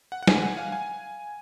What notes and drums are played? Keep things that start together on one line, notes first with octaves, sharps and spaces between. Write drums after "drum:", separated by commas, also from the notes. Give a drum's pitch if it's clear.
F#5
F#5
G#5, drum: snare
F#5
F5
G#5